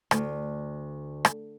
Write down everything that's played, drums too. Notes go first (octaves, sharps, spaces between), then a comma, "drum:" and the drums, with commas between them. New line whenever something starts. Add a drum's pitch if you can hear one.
D2, drum: rim click
drum: rim click